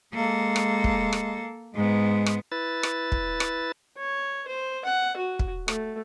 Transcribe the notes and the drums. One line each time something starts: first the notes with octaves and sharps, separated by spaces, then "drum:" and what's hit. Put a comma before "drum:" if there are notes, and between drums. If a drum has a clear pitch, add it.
G#3 A#3 A4
drum: rim click
drum: kick
drum: rim click
G#2 G#3 B3
drum: rim click
E4 B4 A6
drum: rim click
drum: kick
drum: rim click
C#5
C5
F#5
F#4
drum: kick
A3, drum: rim click